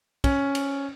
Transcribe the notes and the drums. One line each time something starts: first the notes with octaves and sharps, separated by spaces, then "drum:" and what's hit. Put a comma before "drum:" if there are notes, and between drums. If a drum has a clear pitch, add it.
C#4, drum: kick, cymbal
drum: cymbal